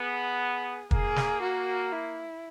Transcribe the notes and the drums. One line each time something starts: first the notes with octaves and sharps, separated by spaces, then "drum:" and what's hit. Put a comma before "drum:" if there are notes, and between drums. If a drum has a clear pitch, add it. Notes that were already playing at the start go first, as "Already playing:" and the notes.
Already playing: B3 G#4
A#3 G#4, drum: kick
drum: snare
F#4
E4